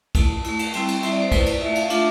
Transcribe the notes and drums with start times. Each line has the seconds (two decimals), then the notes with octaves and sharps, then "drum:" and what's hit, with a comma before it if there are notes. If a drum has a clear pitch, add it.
0.15 A3 E4 A5, drum: kick, cymbal
0.44 A3 E4, drum: cymbal
0.59 drum: cymbal
0.73 G3 C4 E4 G5, drum: cymbal
0.88 drum: cymbal
1.03 G3 C4 E4 E5, drum: cymbal
1.12 D5
1.22 C5
1.32 A3 E4 B4, drum: kick, cymbal
1.46 D5, drum: cymbal
1.61 A3 E4 E5
1.75 F5, drum: cymbal
1.90 A3 D4 F4 E5, drum: cymbal